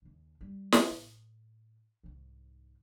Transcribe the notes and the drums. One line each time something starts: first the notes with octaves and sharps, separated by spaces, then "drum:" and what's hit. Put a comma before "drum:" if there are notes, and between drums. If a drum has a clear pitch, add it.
D#2 C#3
G3
drum: snare
A2
C2 G#2